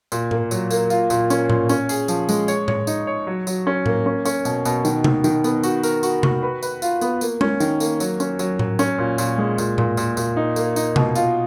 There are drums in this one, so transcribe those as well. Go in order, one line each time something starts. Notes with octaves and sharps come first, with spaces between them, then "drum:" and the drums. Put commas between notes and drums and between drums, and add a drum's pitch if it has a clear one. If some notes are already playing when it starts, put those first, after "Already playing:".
A#2, drum: tambourine
A#3, drum: tom A2
F#3, drum: tambourine
A#3, drum: tambourine
F4, drum: tambourine
A#2, drum: tambourine
C#4, drum: tambourine
A#2, drum: tom A2
C#4, drum: tambourine
G#4, drum: tambourine
F3, drum: tambourine
G#3, drum: tambourine
C#5, drum: tambourine
C#5, drum: tom A2
D#4, drum: tambourine
C#5
F#3
F#3, drum: tambourine
C#4
A#3, drum: tom A2
C#4
C#4, drum: tambourine
B2, drum: tambourine
B2, drum: tambourine
D#3, drum: tambourine
D#3, drum: tom C3
D#3, drum: tambourine
B3, drum: tambourine
F#4, drum: tambourine
A#4, drum: tambourine
F#4, drum: tambourine
F#4, drum: tom C3
B4
B4, drum: tambourine
F4, drum: tambourine
B3, drum: tambourine
A#3, drum: tambourine
C#4, drum: tom G#3
D#3, drum: tambourine
A#3, drum: tambourine
F#3, drum: tambourine
C#4, drum: tambourine
F#3, drum: tambourine
F#3, drum: tom A2
C#4, drum: tambourine
A#2
A#2, drum: tambourine
G#3
A#2, drum: tambourine
A#2, drum: tom A2
A#2, drum: tambourine
A#2, drum: tambourine
D#4
A#3, drum: tambourine
D#4, drum: tambourine
B2, drum: tom C3
F4, drum: tambourine